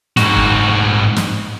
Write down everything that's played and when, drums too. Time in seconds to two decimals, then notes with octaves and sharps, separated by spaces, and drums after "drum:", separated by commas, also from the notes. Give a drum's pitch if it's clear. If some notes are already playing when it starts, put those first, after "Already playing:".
0.17 G#2 F#4, drum: snare
0.37 drum: kick
1.16 drum: snare